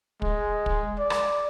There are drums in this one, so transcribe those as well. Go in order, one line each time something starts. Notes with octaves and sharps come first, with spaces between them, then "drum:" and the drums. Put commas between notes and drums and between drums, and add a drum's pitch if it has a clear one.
G#3, drum: kick
drum: kick
D5
drum: rim click